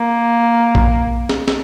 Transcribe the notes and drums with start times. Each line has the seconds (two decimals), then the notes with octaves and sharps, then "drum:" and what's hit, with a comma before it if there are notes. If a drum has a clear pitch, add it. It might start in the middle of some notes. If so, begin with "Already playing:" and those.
Already playing: A#3
0.75 drum: kick
1.29 drum: snare
1.48 drum: snare